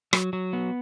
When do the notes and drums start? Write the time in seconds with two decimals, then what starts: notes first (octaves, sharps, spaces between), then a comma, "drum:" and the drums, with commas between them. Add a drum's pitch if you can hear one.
0.13 F#3, drum: rim click
0.33 F#3
0.53 B3